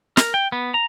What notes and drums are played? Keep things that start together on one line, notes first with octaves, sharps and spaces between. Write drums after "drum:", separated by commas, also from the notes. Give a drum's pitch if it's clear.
A#4, drum: snare
G5
B3
A#5